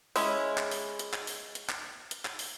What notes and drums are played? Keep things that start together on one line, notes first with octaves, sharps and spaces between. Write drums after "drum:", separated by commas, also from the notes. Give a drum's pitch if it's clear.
G#3 C#4 E4, drum: open hi-hat
drum: clap
drum: open hi-hat
drum: hi-hat
drum: clap
drum: open hi-hat
drum: hi-hat
drum: clap
drum: hi-hat
drum: clap
drum: open hi-hat